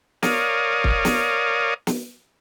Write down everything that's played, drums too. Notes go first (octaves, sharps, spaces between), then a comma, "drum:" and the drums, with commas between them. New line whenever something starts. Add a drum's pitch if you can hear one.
A#4 C#5 D5 F5 D#6, drum: snare
drum: kick
drum: snare
drum: snare